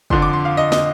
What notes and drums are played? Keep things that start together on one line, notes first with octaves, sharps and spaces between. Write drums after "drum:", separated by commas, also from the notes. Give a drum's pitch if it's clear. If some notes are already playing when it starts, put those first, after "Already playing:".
F2 D3 F3 C6, drum: kick
D6
C6
F5
D#5
D#5, drum: snare